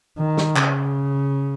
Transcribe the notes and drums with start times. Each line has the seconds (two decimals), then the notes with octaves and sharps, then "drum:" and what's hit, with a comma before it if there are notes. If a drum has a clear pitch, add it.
0.18 D#3
0.37 drum: snare
0.56 C#3, drum: clap